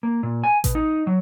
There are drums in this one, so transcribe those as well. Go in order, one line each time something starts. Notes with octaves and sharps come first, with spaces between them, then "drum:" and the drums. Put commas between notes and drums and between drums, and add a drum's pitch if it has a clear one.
A#3
A#2
G#5
B2, drum: kick A1, hi-hat
D#4
F#3